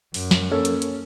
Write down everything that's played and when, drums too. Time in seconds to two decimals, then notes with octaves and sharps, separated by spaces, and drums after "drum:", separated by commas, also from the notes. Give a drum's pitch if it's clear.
0.14 F#2, drum: open hi-hat
0.31 drum: snare
0.51 A#3 C#4 A4
0.65 drum: hi-hat
0.82 drum: hi-hat